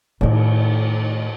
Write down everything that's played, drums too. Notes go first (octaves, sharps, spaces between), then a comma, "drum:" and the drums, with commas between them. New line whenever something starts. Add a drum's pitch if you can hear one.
A2 D#3, drum: cymbal